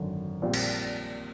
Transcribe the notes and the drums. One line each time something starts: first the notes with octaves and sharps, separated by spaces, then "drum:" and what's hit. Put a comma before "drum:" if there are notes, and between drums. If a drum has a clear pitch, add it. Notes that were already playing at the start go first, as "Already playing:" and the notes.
Already playing: G#1 F#2 D3
A#1 A#2 G3 C4
drum: cymbal